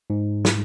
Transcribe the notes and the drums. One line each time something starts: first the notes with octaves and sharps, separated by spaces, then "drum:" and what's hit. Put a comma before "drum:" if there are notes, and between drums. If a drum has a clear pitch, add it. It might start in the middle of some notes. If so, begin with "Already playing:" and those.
G#2
drum: snare